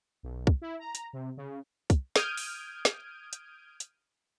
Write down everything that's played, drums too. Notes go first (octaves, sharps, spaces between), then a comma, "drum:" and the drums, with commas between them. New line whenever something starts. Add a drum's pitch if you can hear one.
B1
drum: kick
E4
A#5
drum: hi-hat
C3
C#3
drum: kick, hi-hat
D#6 F6 G6 G#6 D7 D#7, drum: snare
drum: open hi-hat
drum: snare
drum: hi-hat
drum: hi-hat